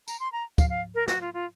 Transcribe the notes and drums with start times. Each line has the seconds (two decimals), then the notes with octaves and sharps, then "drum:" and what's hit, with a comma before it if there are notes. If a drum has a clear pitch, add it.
0.08 A#5, drum: tambourine
0.20 C6
0.32 A#5
0.58 F5, drum: kick, tambourine
0.70 F5
0.95 A#4
1.08 F#4, drum: snare
1.21 F4
1.34 F4